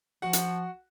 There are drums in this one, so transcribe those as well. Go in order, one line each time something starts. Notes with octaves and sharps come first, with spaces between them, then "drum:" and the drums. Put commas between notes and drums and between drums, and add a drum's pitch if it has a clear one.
F3 F#4 F#5
drum: hi-hat